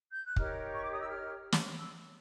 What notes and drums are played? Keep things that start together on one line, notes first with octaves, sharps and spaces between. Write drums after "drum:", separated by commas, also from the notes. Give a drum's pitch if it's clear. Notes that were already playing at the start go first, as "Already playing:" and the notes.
G6
F#6
D#4 G4 A#4 C#5 F6, drum: kick
C#6
D6
D#6
E6
F6
drum: snare
E6